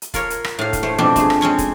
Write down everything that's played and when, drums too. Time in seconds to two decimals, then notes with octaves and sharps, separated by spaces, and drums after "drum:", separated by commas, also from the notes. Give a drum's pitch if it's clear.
0.02 drum: hi-hat
0.14 F4 A#4 C#5, drum: kick, hi-hat
0.30 drum: hi-hat
0.44 drum: rim click
0.59 A2 F5
0.73 drum: kick, hi-hat
0.83 A3 C5 C#5
0.98 F2 B2 G3 C4 D4
1.16 A3 G#4, drum: kick, hi-hat
1.30 drum: rim click
1.41 G#3 C4 C#4 C#5
1.58 drum: kick, hi-hat